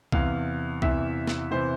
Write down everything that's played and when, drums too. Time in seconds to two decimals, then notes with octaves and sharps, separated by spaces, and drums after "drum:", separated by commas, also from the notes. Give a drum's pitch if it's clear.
0.12 E2 C3 E3 F5, drum: kick C2
0.82 E2 C3 E3 E5, drum: kick C2
1.27 drum: snare
1.51 C3 E3 C5